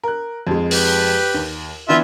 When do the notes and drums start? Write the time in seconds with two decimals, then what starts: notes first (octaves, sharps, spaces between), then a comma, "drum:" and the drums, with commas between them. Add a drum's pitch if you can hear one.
0.04 A#4 F#6
0.47 F2 G#3
0.71 G4 B4, drum: open hi-hat
1.34 D#2
1.89 E3 B3 D4 F4 E5